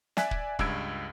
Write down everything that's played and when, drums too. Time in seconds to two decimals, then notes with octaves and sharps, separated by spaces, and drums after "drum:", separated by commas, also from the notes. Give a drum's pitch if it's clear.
0.17 D5 E5 G#5 F#6 B6, drum: snare
0.31 drum: kick
0.59 C#2 G2 E6 G#6 D7, drum: kick